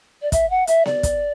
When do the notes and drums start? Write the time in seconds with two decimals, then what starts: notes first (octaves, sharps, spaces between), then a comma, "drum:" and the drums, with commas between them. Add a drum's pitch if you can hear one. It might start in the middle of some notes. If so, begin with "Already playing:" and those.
0.22 D5
0.32 E5, drum: kick, hi-hat
0.50 F#5
0.67 E5, drum: hi-hat
0.86 D5, drum: snare B3
1.03 drum: kick, hi-hat